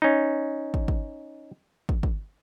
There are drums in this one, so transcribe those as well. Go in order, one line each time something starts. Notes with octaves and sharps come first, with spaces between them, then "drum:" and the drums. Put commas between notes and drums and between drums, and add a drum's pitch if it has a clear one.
C#4 D#4
drum: kick
drum: kick
drum: kick
drum: kick